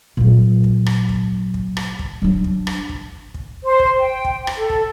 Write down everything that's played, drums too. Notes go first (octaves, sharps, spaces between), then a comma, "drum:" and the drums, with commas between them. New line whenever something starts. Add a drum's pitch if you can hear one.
A#2 F#3
drum: kick
drum: rim click
drum: kick
drum: kick
drum: rim click
drum: kick
F#3 D4
drum: kick
drum: rim click
drum: kick
drum: kick
C5
drum: kick
G5
drum: kick
drum: rim click
A4
drum: kick